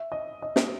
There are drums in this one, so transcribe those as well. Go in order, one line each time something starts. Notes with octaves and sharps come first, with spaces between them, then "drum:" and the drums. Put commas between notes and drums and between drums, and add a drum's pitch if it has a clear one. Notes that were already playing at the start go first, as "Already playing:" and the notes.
Already playing: E5
D#5
D#5
drum: snare